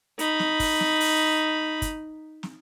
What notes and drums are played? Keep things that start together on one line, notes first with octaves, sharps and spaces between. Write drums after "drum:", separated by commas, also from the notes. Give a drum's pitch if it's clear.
D#4 B5, drum: hi-hat
drum: snare
drum: kick, open hi-hat
drum: snare
drum: open hi-hat
drum: kick, hi-hat
drum: snare